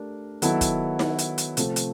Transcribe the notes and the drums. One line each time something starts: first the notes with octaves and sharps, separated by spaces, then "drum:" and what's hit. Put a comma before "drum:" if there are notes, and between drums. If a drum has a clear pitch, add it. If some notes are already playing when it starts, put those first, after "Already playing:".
Already playing: A3 D4 G4 A#4
D#3 F#3 B3 E4 A4, drum: hi-hat
drum: kick, hi-hat
drum: snare D#4
drum: hi-hat
drum: hi-hat
C3 F3 A3 C4, drum: hi-hat
drum: hi-hat